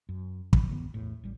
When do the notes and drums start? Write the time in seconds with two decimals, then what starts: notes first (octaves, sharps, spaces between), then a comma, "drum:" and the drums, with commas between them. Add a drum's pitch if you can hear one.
0.09 F#2
0.53 D2, drum: kick
0.69 F1 G2 D#3 B3
0.94 E2 A2
1.24 A1 G3